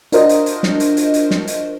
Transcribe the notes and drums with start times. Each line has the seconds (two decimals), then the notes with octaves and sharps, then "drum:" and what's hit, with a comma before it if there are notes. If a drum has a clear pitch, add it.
0.12 D4 F4 F#4 A#4 C5 D#5, drum: hi-hat
0.29 drum: hi-hat
0.46 drum: hi-hat
0.63 drum: snare
0.80 drum: hi-hat
0.97 drum: hi-hat
1.14 drum: hi-hat
1.31 drum: snare
1.47 drum: hi-hat